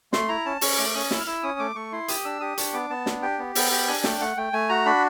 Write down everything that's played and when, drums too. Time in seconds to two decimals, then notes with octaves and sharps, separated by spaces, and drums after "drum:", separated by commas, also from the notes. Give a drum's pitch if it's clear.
0.13 A3 C6, drum: snare
0.29 E4 A#5
0.45 C#4 A5
0.61 C#4 C#6, drum: open hi-hat
0.78 A3 D6
0.95 C#4 D#6
1.11 E4 E6, drum: snare
1.19 F6
1.26 E4 E6
1.43 C#4 D#6
1.59 A3 D6
1.76 A3 C#6
1.92 E4 C6
2.08 G4 D#6, drum: hi-hat
2.25 D4 E6
2.40 G4 D#6
2.57 D4 C#6, drum: hi-hat
2.73 B3 D6
2.90 B3 A5
3.06 D4, drum: snare
3.22 G4 G5
3.39 B3
3.55 B3 G5, drum: open hi-hat
3.71 G4 G5
3.88 D4 G#5
4.04 A3 G5, drum: snare
4.20 A3 F#5
4.37 A3 G5
4.53 A3 G#5
4.69 F#4 A#5
4.85 D4 B5